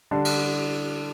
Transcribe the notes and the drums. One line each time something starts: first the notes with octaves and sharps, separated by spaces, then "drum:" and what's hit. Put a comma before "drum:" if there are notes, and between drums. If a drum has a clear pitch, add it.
D3 G3 D4 A4
drum: cymbal